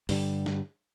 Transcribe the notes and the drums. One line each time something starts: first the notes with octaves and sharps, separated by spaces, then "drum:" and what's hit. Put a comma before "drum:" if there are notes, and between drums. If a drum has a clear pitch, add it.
G2 D3 G3, drum: open hi-hat
drum: snare